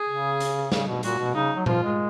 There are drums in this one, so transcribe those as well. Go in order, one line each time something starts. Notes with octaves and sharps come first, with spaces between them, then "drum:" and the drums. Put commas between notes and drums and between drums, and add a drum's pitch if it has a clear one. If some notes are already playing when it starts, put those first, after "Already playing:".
Already playing: G#4
C#3
drum: hi-hat
C#3, drum: snare
B2
A#2 F#4, drum: hi-hat
B2
C#3 D#4
F#3
F3 F4, drum: tom A#2
G#3